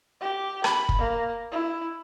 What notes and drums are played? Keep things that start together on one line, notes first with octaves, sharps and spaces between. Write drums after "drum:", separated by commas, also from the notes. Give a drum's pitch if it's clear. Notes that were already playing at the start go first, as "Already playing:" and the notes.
G4
B5, drum: rim click
drum: kick
A#3
E4